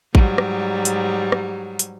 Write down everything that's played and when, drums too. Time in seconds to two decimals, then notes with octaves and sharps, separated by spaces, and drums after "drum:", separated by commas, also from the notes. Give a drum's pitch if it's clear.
0.15 G#2 F#3 G3, drum: kick A1
0.38 drum: rim click
0.85 drum: hi-hat
1.32 drum: rim click
1.79 drum: hi-hat